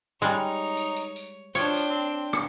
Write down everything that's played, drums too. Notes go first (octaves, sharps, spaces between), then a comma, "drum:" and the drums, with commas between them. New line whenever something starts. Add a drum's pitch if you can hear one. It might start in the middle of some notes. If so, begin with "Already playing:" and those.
G3 G#3 D#4 C#5
drum: tambourine
drum: tambourine
drum: tambourine
F3 D4 C#5 G5, drum: tambourine
drum: tambourine
C4
drum: rim click